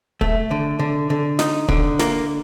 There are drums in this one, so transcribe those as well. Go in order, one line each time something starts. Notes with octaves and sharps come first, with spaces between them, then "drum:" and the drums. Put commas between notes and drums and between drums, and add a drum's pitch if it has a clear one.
A3, drum: kick
D3
D3
D3
D#4, drum: snare
D3, drum: kick
A#3, drum: snare